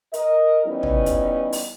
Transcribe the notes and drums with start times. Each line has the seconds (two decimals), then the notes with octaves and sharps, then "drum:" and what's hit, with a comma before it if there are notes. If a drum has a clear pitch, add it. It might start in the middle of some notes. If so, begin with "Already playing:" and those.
0.14 A#4 D#5, drum: hi-hat
0.66 E3 G3 B3 C#4 D#4 E4
0.83 drum: tom
1.06 drum: kick, hi-hat
1.53 drum: open hi-hat